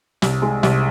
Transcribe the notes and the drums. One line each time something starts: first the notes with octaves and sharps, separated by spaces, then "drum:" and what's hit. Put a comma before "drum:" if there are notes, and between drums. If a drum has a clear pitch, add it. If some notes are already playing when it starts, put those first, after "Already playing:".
C2, drum: snare
G#3
C2, drum: snare